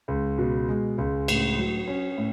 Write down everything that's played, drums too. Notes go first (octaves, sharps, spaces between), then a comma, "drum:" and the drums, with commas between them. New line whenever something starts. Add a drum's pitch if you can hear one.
C#2
B2
G#3
C#2
A2, drum: cymbal
F#3
C#4
A2